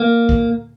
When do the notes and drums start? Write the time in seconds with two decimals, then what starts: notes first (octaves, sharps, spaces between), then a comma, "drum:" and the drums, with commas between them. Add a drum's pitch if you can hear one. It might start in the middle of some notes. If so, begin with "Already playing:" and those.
Already playing: A#3
0.29 drum: kick